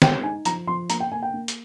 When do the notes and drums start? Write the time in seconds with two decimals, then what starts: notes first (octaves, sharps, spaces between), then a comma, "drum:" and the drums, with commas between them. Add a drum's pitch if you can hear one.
0.02 G#3 G5, drum: snare
0.23 D#4 G#5
0.45 F3 A#5, drum: hi-hat
0.67 F3 C6
0.90 A#3 A#5, drum: hi-hat
1.00 G5
1.12 A#3 G#5
1.23 G5
1.34 A#3
1.48 drum: hi-hat